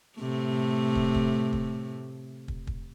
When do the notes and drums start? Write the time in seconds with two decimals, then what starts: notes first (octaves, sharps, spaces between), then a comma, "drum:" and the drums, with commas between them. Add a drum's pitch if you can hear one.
0.19 A2 C3 A3
0.95 drum: kick
1.14 drum: kick
1.53 drum: kick
2.48 drum: kick
2.67 drum: kick